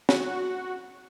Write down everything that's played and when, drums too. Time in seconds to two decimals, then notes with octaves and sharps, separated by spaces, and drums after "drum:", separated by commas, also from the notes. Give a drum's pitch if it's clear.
0.09 F#4, drum: snare